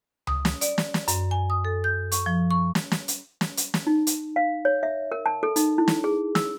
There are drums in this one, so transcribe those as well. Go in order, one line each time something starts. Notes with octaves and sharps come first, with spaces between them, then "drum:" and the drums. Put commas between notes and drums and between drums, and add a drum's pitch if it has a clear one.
D#6, drum: tom C#2
drum: snare
D5, drum: hi-hat
drum: snare
drum: snare
F#2, drum: hi-hat
G#5
D#6
A4
G6
C#6, drum: hi-hat
F3
C#6
drum: snare
drum: snare
drum: hi-hat
drum: snare
drum: hi-hat
drum: snare
D#4
drum: hi-hat
F5
C#5
E5
A#4
A5
A4
D#4, drum: hi-hat
E4
drum: snare
G#4
E6, drum: snare